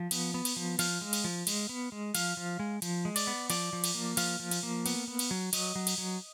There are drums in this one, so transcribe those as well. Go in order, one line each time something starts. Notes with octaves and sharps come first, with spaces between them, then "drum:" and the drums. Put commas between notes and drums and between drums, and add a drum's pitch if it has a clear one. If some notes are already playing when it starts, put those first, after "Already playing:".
Already playing: F3
B3, drum: cymbal
B3
drum: cymbal
F3
F3 F5, drum: cymbal
G#3
drum: cymbal
F3
G#3, drum: cymbal
B3
G#3
F3 F5, drum: cymbal
F3
G#3
F3, drum: cymbal
G#3
D5, drum: cymbal
B3
F3 D5, drum: cymbal
F3
drum: cymbal
A#3
F3 F5, drum: cymbal
F3
drum: cymbal
A#3
B3, drum: cymbal
B3
drum: cymbal
F#3
F#3 D#5, drum: cymbal
F#3
drum: cymbal
F#3